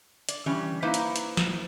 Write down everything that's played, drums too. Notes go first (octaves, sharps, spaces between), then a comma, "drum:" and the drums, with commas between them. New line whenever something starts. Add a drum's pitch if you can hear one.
D5, drum: hi-hat
E3 G3 C#4
A#3 D#4 E4 B4 C5
drum: hi-hat
drum: hi-hat
drum: snare